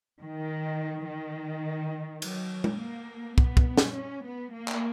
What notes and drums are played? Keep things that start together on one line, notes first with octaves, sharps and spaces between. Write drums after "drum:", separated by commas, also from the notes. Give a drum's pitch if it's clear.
D#3
D#3
F#3, drum: cymbal
drum: tom
A#3
B3, drum: kick
drum: kick
drum: snare
C#4
B3
A#3
drum: clap